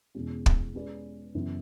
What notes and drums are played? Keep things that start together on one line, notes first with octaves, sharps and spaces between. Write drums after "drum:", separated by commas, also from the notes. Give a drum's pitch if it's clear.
E2 B2 G#3 C#4
drum: kick
G#3 C#4 G#4 B4 D5
F#2 C#3 E3 B3